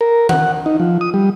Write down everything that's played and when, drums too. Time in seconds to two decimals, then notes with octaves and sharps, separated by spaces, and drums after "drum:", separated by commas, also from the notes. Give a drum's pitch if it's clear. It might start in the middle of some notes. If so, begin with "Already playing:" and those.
0.01 A#4
0.29 F#5, drum: tom D#3
0.66 D#4
0.80 F3
1.01 D#6
1.14 G3